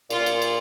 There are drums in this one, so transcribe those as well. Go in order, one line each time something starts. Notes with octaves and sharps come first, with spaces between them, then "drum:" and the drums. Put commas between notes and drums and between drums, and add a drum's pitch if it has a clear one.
A#2 F4, drum: cymbal
drum: cymbal
drum: cymbal